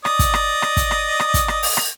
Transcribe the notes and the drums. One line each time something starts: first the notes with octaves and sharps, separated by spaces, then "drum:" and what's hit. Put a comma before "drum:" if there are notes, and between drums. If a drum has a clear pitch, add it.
D5 D#5 D#6, drum: rim click
drum: kick, hi-hat
drum: rim click
drum: rim click
drum: kick, hi-hat
drum: rim click
drum: rim click
drum: kick, hi-hat
drum: rim click
drum: open hi-hat
drum: rim click